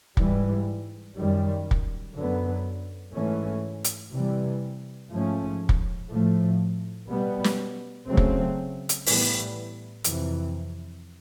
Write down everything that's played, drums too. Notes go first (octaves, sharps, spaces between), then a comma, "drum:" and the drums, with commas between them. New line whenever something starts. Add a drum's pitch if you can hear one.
G#2 E3 G3, drum: kick
F#2 D#3 G3
drum: kick
F#2 D3 F#3 B3
G#2 E3 A3 C#4
drum: hi-hat
C3 E3 G3
G#2 F3 A3 C#4
drum: kick
A2 F3 A3
B2 G3 B3
drum: snare
C#3 F#3 A3 C4
drum: kick
drum: hi-hat
A2 E3 G3 B3, drum: open hi-hat
F2 C3 E3, drum: hi-hat